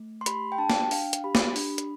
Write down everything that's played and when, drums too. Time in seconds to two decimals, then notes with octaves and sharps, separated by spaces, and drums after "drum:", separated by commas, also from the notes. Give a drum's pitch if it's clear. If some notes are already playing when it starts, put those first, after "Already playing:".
Already playing: A3
0.21 C6
0.26 G4 B5, drum: hi-hat
0.52 G5
0.58 D4 A5
0.70 drum: snare
0.83 G5
0.91 D4 F5, drum: open hi-hat
1.13 drum: hi-hat
1.24 G4 B5
1.35 drum: snare
1.56 D4, drum: open hi-hat
1.78 drum: hi-hat